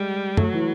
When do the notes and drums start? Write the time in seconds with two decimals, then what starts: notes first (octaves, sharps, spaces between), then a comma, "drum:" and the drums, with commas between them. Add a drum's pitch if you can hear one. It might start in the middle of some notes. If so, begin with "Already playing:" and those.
Already playing: G3 G#3
0.37 F#3 A3, drum: tom
0.53 E3